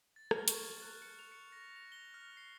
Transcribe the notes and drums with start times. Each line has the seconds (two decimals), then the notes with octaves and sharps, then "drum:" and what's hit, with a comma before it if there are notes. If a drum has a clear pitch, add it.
0.16 A6
0.31 F6, drum: rim click
0.48 C#6, drum: hi-hat
0.82 F#6
1.02 C#7
1.19 F7
1.32 C#7
1.52 A#6
1.76 F7
1.92 G7
2.14 F6
2.37 C7